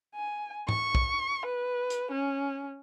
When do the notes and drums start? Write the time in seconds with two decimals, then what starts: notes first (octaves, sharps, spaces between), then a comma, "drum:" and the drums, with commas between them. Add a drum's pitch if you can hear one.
0.15 G#5
0.69 C#6, drum: tom G#2
0.95 drum: kick
1.46 B4
1.90 drum: hi-hat
2.11 C#4